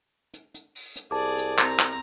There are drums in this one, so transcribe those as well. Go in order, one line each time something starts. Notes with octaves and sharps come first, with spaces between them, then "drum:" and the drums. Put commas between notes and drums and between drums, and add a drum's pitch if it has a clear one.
drum: hi-hat
drum: hi-hat
drum: open hi-hat
drum: hi-hat
C2 G#4 D5 A5 D6
drum: hi-hat
C4 A#5, drum: clap
drum: clap